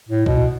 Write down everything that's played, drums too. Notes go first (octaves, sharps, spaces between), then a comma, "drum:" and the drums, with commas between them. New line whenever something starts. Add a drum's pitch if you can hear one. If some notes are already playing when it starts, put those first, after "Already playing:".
A2
B2, drum: kick B1